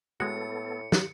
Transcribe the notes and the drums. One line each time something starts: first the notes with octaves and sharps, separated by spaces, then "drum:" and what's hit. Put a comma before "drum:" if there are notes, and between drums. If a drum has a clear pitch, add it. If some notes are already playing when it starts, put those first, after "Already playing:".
A2 G#3 B3 F#4 A4 C#7
drum: snare